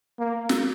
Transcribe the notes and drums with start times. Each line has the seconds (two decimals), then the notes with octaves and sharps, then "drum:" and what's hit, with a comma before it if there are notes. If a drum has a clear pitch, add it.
0.19 A#3
0.49 drum: snare